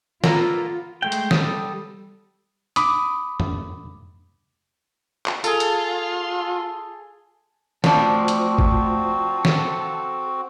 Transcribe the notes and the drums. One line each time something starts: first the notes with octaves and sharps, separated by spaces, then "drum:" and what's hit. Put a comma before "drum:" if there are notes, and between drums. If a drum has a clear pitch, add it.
A#3 B3 F4 A4 A#5, drum: snare
G#3 A3 G5
drum: hi-hat
G3 A4 D#6, drum: snare
B5 D6 D#6, drum: hi-hat
drum: tom F2
drum: clap
F4 G#4 A4, drum: tambourine
drum: hi-hat
F3 A3 C4 D4 F#4 B5, drum: snare
drum: hi-hat
drum: kick
A4, drum: snare